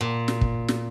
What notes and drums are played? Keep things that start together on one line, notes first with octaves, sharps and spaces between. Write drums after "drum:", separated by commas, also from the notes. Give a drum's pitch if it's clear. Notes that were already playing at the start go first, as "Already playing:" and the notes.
A#2
drum: snare
drum: kick
drum: snare